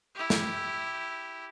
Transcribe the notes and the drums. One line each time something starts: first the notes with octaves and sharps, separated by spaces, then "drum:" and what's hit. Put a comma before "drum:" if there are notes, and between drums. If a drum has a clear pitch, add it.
E4 G4
drum: snare